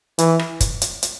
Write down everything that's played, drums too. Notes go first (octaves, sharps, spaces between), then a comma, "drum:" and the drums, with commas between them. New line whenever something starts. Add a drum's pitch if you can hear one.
E3, drum: hi-hat
drum: rim click
drum: kick, hi-hat
drum: hi-hat
drum: hi-hat